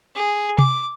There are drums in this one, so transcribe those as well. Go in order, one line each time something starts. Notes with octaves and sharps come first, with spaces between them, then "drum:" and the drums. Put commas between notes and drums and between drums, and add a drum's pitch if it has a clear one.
G#4
D6, drum: tom C3